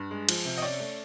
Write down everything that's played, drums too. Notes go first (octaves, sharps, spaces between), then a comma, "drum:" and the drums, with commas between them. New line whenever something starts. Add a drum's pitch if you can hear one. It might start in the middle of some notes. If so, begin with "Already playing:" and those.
Already playing: G2
G#3
F3, drum: cymbal
C3
D#5
C#4 D5
A3